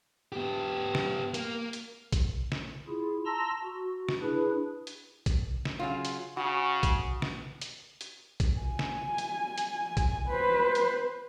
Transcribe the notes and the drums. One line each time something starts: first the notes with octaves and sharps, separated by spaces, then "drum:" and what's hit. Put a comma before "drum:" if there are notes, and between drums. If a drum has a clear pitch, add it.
B3 G4
drum: snare
A#3, drum: hi-hat
drum: hi-hat
drum: kick A#1, hi-hat
drum: snare
E4 F4 G#4
A5 A#5 C6 E6 A#6
F#4
drum: snare
D4 E4 G#4 B4
drum: hi-hat
drum: kick A#1, hi-hat
drum: snare
C#3 F#3 F4
drum: hi-hat
C#3 F#4
drum: kick A#1, hi-hat
drum: snare
drum: hi-hat
drum: hi-hat
drum: kick A#1, hi-hat
G#5
drum: snare
drum: hi-hat
drum: hi-hat
drum: kick A#1, hi-hat
B4 C5
drum: hi-hat